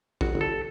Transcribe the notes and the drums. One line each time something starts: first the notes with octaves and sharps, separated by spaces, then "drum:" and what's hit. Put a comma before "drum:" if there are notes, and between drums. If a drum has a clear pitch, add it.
G1 F#4, drum: kick
G1
A4